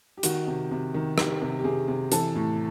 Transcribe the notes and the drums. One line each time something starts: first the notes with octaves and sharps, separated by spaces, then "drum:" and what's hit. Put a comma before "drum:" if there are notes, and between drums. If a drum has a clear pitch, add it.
G4
D#3 F#4, drum: hi-hat
C3
C3
D#3
D#3 G4, drum: rim click
C3
G4
C3 G#4
C3
E3 A4, drum: hi-hat
A2